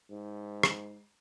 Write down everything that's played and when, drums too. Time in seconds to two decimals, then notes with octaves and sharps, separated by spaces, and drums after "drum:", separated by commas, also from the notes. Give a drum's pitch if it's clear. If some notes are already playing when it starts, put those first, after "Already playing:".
0.10 G#2
0.63 drum: rim click